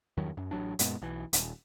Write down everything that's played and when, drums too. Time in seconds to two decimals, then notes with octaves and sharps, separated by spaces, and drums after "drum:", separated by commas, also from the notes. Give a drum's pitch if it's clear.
0.17 E2 G2 D#3 F#3
0.37 F#2
0.51 A1 F#3 D4
0.79 F#2 A#2 G#3 B3, drum: hi-hat
1.02 B1 E3
1.33 D#1, drum: hi-hat